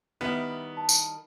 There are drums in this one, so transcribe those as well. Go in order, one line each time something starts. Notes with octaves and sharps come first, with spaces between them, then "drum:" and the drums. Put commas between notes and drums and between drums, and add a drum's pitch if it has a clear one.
D#3 G3 B3 E4
A5
drum: tambourine